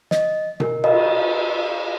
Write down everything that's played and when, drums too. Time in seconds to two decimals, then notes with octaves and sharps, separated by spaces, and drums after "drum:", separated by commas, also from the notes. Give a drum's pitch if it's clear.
0.11 D#5, drum: snare
0.60 A#4, drum: tom B2
0.84 D#5, drum: cymbal